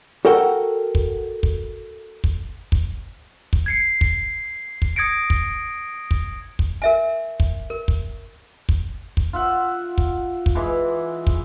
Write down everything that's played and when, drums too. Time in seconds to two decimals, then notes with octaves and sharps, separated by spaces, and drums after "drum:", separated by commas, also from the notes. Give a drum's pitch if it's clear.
0.25 F#4 A4 A#4 F#5 G5
0.95 drum: kick
1.43 drum: kick
2.24 drum: kick
2.72 drum: kick
3.53 drum: kick
3.66 G#6 C7 C#7
4.01 drum: kick
4.82 drum: kick
4.96 D#6 G#6 A#6 C#7 D7
5.30 drum: kick
6.11 drum: kick
6.59 drum: kick
6.82 A#4 E5 G#5
7.40 drum: kick
7.70 A#4
7.88 drum: kick
8.69 drum: kick
9.17 drum: kick
9.33 F4 E5 F#5
9.98 drum: kick
10.46 drum: kick
10.55 E3 G#3 D6
11.27 drum: kick